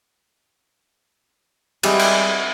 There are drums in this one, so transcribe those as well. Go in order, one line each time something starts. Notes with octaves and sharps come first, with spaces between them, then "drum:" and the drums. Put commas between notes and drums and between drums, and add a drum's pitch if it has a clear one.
G3 G#3 C4 E4 G#4, drum: cymbal
drum: cymbal